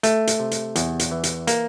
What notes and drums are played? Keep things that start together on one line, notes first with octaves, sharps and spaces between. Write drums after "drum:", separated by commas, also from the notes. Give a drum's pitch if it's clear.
A3, drum: hi-hat
drum: hi-hat
C3
drum: hi-hat
E2, drum: hi-hat
drum: hi-hat
E3
drum: hi-hat
A#3, drum: hi-hat